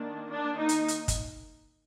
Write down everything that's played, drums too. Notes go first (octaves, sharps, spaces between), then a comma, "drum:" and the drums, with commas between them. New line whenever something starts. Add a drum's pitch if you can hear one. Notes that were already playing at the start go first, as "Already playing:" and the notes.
Already playing: D#3 A#3 D4
D4
D#4
drum: hi-hat
drum: hi-hat
drum: kick, hi-hat